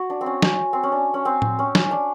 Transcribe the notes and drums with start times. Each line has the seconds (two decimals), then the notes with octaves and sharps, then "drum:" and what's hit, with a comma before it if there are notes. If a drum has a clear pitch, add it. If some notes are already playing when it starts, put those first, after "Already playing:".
Already playing: F#4
0.10 D4
0.21 C4
0.26 C#4
0.42 drum: snare
0.73 C4
0.83 C#4
0.92 D4
1.14 C#4
1.25 C4
1.42 drum: tom A2
1.59 C#4
1.75 drum: snare
1.91 D4